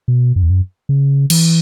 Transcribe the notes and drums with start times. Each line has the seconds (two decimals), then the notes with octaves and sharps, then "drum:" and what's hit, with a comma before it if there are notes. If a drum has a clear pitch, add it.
0.08 B2
0.36 F#2
0.43 E2
0.50 F#2
0.89 C#3
1.30 E3, drum: cymbal